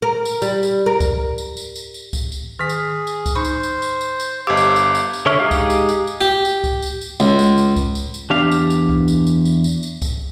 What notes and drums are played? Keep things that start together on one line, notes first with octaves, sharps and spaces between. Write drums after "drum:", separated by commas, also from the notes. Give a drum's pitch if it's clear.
A#4
drum: tambourine
G3, drum: tambourine
drum: tambourine
A#4
drum: kick C#2, tambourine
drum: tambourine
drum: tambourine
drum: tambourine
drum: tambourine
drum: kick C#2, tambourine
drum: tambourine
D#3 G#4 F6 B6
drum: tambourine
drum: tambourine
drum: kick C#2, tambourine
D#4 C5 B5 C#6
drum: tambourine
drum: tambourine
drum: tambourine
drum: tambourine
drum: tambourine
G1 G4 C5 D#5 F5 D6
drum: tambourine
drum: tambourine
drum: tambourine
drum: tambourine
D3 C#5 E5 C#6 F6
G#3 D#4 G4 F5
drum: kick C#2, tambourine
drum: tambourine
drum: tambourine
drum: tambourine
G4
drum: tambourine
drum: kick C#2, tambourine
drum: tambourine
drum: tambourine
C#2, drum: tambourine
drum: tambourine
drum: tambourine
drum: kick C#2, tambourine
drum: tambourine
drum: tambourine
E2 D4 G4 F5
drum: tambourine
drum: tambourine
drum: kick C#2
drum: tambourine
drum: tambourine
drum: tambourine
drum: tambourine
drum: tambourine
drum: kick C#2, tambourine